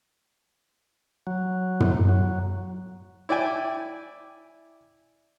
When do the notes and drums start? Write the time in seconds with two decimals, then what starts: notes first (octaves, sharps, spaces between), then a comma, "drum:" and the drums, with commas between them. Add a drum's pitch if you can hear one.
1.27 F#3
1.80 drum: tom
2.09 F#3
3.29 E4 D5 G5 G#5